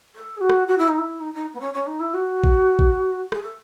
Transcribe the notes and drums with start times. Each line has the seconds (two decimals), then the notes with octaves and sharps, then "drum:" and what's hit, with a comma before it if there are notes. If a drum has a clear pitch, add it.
0.15 A4
0.36 G#4
0.40 F#4
0.49 drum: rim click
0.67 F#4
0.77 E4
0.88 D#4
0.98 E4
1.20 D#4
1.34 D#4
1.53 B3
1.60 C#4
1.73 C#4
1.86 D#4
1.99 E4
2.13 F#4
2.44 drum: kick A1
2.79 drum: kick A1
3.32 G#4, drum: rim click
3.42 A4